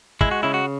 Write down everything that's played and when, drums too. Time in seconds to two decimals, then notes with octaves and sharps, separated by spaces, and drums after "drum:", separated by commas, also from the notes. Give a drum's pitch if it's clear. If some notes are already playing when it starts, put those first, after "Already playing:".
0.21 G#3 E4, drum: kick
0.31 F#4
0.43 C#3 E4
0.54 F#4